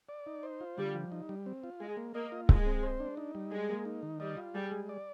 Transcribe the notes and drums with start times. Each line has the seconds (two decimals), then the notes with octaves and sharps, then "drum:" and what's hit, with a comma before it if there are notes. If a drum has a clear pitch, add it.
0.09 D5
0.26 D#4
0.43 C5
0.61 F4
0.78 D3 G3
0.95 F3
1.12 D#4
1.29 G3
1.46 C4
1.63 F4
1.80 G#3 G#4
1.97 A#3
2.14 A#3 D#5
2.32 F4
2.49 G#3 G#4, drum: kick C#1
2.66 C4
2.83 C5
3.00 D4
3.17 D#4
3.35 G3
3.52 G#3 G#4
3.69 A#3
3.85 D#4
4.03 D#3
4.20 G3 D#5
4.37 F4
4.54 G3 G#4
4.72 G#3
4.89 D5